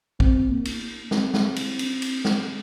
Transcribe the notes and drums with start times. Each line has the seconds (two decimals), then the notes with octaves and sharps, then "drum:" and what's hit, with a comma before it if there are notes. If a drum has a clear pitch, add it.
0.20 C4, drum: kick
0.50 A#3
0.65 drum: cymbal
0.80 A#3
1.11 C4, drum: snare
1.34 drum: snare
1.56 drum: cymbal
1.79 drum: cymbal
2.02 drum: cymbal
2.25 drum: snare